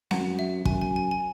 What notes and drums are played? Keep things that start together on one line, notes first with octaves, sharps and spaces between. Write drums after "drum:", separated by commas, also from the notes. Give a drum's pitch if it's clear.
F#2 F#5, drum: snare C4
E5
F#2 G#5, drum: kick
G#5
G#5
G#5